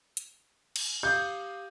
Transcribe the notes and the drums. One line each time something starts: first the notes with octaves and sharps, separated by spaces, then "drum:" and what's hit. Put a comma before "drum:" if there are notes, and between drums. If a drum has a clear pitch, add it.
drum: hi-hat
drum: cymbal
G4 F5 D#6 G6